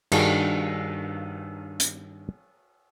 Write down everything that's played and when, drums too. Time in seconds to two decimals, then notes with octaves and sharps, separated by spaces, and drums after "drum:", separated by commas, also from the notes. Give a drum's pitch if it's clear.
0.12 G2 D#3 D4 F#4 G#4, drum: cymbal
1.80 drum: hi-hat